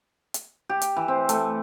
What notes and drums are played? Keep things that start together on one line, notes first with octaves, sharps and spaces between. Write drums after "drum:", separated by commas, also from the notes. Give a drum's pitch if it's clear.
drum: hi-hat
G4
drum: hi-hat
E3
C4
A3, drum: hi-hat